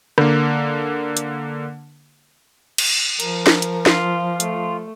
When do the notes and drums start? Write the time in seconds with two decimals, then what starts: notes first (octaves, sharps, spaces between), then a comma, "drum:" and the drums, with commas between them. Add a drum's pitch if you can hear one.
0.18 D3 A#3, drum: rim click
1.17 drum: hi-hat
2.78 drum: cymbal
3.20 F3 A#4, drum: hi-hat
3.47 drum: snare
3.62 drum: hi-hat
3.86 F4, drum: snare
4.40 A3, drum: hi-hat